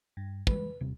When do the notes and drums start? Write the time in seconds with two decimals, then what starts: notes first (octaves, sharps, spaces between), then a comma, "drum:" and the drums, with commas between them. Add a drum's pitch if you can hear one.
0.17 G2
0.47 E3 G3 G#3 B4, drum: kick
0.81 D#1 C3 G3